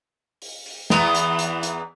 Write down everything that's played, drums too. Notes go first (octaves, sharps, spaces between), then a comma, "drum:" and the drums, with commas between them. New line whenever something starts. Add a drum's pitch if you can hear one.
drum: open hi-hat
drum: open hi-hat
E2 E3 B3, drum: snare
drum: hi-hat
drum: hi-hat
drum: hi-hat